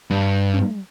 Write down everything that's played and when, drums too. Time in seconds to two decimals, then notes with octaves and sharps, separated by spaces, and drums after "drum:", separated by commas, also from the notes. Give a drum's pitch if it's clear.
0.11 G2
0.54 drum: tom